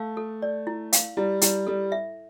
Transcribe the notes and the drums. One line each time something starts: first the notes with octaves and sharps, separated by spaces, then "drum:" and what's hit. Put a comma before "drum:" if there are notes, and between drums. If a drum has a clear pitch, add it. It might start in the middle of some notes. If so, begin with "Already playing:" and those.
Already playing: A3 F5
A4
D5
E4
F5, drum: hi-hat
G3 E4
G3 E4, drum: hi-hat
G3 A4
E5